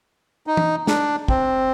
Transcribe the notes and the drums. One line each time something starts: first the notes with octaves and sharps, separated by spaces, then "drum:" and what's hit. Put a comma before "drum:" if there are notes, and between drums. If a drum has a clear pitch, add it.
D#4
drum: tom
D4, drum: snare
C4, drum: kick